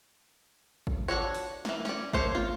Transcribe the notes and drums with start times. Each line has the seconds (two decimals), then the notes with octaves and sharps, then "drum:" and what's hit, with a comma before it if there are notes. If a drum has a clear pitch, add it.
0.87 drum: kick
1.08 D4 F#4 A4 C#5
1.34 drum: open hi-hat
1.65 E3 A#3, drum: snare
1.85 C#4 D5, drum: snare
2.13 A#3 A4 C5 C#5, drum: kick
2.35 F4, drum: tom